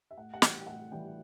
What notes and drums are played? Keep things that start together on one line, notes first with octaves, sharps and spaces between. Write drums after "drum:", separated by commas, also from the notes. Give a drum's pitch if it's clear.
E5
A2 F#5
F#5
E3 G3 G5, drum: snare
G5
A2 F#5
E3 G3 G5